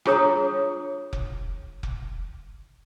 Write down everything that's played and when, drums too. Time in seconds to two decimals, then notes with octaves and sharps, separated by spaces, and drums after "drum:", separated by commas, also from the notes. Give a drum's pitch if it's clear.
0.05 D4 F4 G#4 C#5 A#5 D#6, drum: rim click
1.13 drum: kick F1
1.83 drum: kick F1